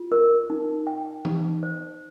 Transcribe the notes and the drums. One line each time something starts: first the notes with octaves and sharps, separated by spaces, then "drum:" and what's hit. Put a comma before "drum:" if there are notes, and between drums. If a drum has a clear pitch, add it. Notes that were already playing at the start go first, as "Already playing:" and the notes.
Already playing: F4
A#4
D#4
G5
D#4, drum: tom E3
C5